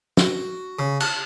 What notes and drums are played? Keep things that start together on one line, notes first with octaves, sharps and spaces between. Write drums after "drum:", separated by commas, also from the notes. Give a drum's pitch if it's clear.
F#4, drum: snare
C#3
A5, drum: cymbal